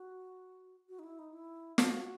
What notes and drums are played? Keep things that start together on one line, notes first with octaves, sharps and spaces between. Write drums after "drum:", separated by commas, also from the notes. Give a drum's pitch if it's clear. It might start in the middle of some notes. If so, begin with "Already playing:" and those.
Already playing: F#4
F#4
D#4
E4
D#4
E4
F#4, drum: snare